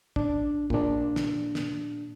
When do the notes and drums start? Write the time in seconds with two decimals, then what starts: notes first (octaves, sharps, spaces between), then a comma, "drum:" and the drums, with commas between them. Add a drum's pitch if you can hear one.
0.16 D4, drum: kick
0.70 A#2 D4, drum: kick
1.16 drum: snare
1.55 drum: snare